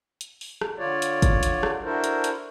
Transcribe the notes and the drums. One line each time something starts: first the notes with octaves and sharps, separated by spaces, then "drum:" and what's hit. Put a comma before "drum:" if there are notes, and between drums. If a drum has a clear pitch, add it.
drum: hi-hat
drum: open hi-hat
drum: rim click
D3 F4 C#5 D5
drum: hi-hat
drum: kick, hi-hat
drum: hi-hat
drum: rim click
D4 E4 F#4 A4 A#4 C5
drum: hi-hat
drum: hi-hat